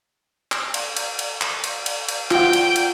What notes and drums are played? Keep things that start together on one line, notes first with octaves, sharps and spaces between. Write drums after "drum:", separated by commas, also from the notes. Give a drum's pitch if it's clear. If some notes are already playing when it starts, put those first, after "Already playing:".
drum: clap
drum: cymbal
drum: cymbal
drum: cymbal
drum: clap
drum: cymbal
drum: cymbal
drum: cymbal
F4 F#5 G5, drum: clap
drum: cymbal
drum: cymbal